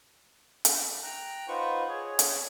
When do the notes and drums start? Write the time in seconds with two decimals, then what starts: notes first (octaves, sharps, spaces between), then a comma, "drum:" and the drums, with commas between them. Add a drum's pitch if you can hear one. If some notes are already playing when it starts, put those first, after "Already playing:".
0.65 drum: hi-hat
1.03 G5 A#5 F#6
1.48 D#4 F4 B4 C5 F#5 C#6
1.89 G#4 C#5
2.19 drum: hi-hat